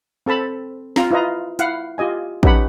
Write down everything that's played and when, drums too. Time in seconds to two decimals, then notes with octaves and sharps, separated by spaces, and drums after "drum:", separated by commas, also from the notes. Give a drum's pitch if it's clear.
0.26 C4 A4 A5 B5
0.96 F4 A#5, drum: snare
1.11 E4 F4 B4 D#5 A#5
1.59 E4 F5 F#5, drum: hi-hat
1.98 F4 G4 D#5 G#5
2.43 C#4 D#4 G4 B4 F#5 B5, drum: kick A1